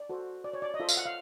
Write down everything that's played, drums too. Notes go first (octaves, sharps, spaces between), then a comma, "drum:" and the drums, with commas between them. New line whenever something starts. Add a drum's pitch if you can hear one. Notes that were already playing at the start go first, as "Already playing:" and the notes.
Already playing: D5
F#4 A4 C5
D5
C#5
D5
D#5
F4 A4 C5 E5
F5, drum: tambourine
F#5
F5